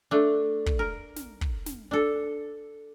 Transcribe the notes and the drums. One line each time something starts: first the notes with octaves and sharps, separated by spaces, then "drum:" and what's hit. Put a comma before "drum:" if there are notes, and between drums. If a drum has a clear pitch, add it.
A3 D4
drum: kick
A#4
drum: snare
drum: kick
drum: snare
D4 A4